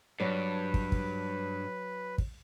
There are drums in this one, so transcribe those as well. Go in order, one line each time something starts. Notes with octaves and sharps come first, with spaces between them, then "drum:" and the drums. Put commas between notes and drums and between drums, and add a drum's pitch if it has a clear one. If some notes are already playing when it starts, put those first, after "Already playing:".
G2 F#3 B4 D5
drum: kick
drum: kick
drum: kick